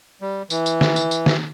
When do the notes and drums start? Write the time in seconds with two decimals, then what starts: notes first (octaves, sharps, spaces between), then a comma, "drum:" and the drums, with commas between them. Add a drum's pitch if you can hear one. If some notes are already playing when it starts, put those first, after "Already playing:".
0.21 G3
0.50 E3, drum: tambourine
0.66 drum: tambourine
0.81 drum: snare
0.96 drum: tambourine
1.11 drum: tambourine
1.26 drum: snare